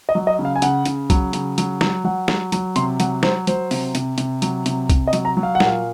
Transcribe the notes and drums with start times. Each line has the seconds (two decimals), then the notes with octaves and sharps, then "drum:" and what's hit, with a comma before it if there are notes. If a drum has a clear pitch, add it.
0.09 D#5
0.15 F#3
0.27 D#5
0.39 C#3
0.45 F5
0.56 G#5
0.62 C#3 F#5, drum: hi-hat
0.85 C#3, drum: hi-hat
1.10 F#3, drum: kick C2, hi-hat
1.33 C#3, drum: hi-hat
1.58 F#3, drum: hi-hat
1.81 F#3, drum: snare
2.05 F#3 F#5
2.28 F#3, drum: snare
2.52 F#3, drum: hi-hat
2.76 C3 C6, drum: hi-hat
3.00 F#3 F#5, drum: hi-hat
3.23 F#3 C5, drum: snare
3.47 F#3 C5, drum: hi-hat
3.71 C3, drum: open hi-hat
3.95 C3, drum: hi-hat
4.18 C3, drum: hi-hat
4.42 F#3, drum: hi-hat
4.66 C3, drum: hi-hat
4.90 C3, drum: kick C2, hi-hat
5.07 D#5
5.13 F#3, drum: hi-hat
5.25 A#5
5.37 F#3
5.43 F5
5.55 F#5
5.60 A#2, drum: snare
5.67 F5